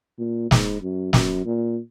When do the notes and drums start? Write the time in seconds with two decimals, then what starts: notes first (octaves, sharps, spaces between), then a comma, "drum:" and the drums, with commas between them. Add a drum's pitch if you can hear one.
0.19 A#2
0.51 G#2, drum: snare
0.82 F#2
1.13 F#2, drum: snare
1.45 A#2